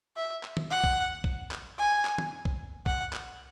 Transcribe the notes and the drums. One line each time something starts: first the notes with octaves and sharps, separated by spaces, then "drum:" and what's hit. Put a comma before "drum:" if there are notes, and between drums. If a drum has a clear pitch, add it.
E5
drum: clap
drum: tom
F#5
drum: kick
drum: kick
drum: clap
G#5
drum: clap
drum: tom
drum: kick
F#5, drum: kick
drum: clap